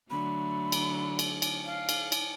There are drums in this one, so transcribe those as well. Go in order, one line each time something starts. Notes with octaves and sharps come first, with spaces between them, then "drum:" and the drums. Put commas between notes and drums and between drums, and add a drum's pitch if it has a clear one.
D3 F#3 A3 B5
drum: cymbal
drum: cymbal
drum: cymbal
F5
drum: cymbal
drum: cymbal